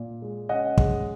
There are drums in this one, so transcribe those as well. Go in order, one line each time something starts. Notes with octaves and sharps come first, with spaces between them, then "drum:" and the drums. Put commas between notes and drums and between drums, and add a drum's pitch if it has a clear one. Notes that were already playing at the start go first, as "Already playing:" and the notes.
Already playing: A#2
G#3
C#4 D#5 F#5
G#3, drum: kick